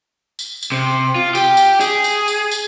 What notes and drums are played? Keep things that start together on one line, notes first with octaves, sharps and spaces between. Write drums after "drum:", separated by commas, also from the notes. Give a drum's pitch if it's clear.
drum: tambourine
drum: tambourine
C3
F4
G4, drum: tambourine
drum: tambourine
G#4, drum: tambourine
drum: tambourine
drum: tambourine
drum: tambourine